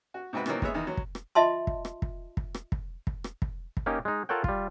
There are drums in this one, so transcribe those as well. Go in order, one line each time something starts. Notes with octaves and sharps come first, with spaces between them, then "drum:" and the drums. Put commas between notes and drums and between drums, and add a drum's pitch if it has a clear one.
F#4
G#2 C3 C4 F#4 B4
B2 D#3 E3 F#3 A#3 C4, drum: rim click
G#3 B3 G#4 C#5 E5, drum: kick
E2 D#3
F#3
drum: kick
drum: rim click
F4 D#5 E5 A5 C6
drum: kick
drum: rim click
drum: kick
drum: kick
drum: rim click
drum: kick
drum: kick
drum: rim click
drum: kick
drum: kick
A#3 C#4 D#4 G4
G#3 D#4
F4 A4 A#4 C#5 F#5 G5
G3 F4, drum: kick